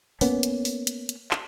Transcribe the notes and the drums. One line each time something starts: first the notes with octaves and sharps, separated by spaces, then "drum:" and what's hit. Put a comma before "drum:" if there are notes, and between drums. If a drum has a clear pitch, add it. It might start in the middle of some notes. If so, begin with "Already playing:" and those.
A#3 B3 C#4, drum: open hi-hat
drum: hi-hat
drum: open hi-hat
drum: hi-hat
drum: hi-hat
drum: clap